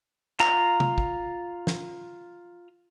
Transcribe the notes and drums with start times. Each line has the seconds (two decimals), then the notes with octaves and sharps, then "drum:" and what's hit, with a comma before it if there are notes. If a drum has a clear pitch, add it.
0.40 F4 A#5, drum: clap
0.80 drum: tom
0.98 drum: kick
1.67 drum: snare